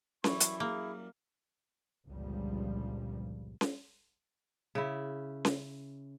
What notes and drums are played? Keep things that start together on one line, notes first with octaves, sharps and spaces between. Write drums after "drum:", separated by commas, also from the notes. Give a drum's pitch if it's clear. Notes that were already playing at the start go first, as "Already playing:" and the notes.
F#2 E3 G3 E4 C#6, drum: snare C#4
drum: hi-hat
A#3 G#4
G1 C#2 A#2 F3 G3
drum: snare C#4
C#3 E4
drum: snare C#4